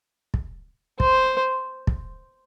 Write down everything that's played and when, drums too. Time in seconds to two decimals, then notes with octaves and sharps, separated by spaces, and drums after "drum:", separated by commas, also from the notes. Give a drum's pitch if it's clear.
0.34 drum: kick
1.00 C5, drum: kick
1.87 drum: kick